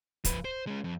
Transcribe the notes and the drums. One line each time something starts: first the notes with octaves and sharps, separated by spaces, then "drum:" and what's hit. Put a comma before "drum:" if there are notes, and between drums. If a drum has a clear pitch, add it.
F3 B4, drum: kick, hi-hat
C5
G#3 C#4
F2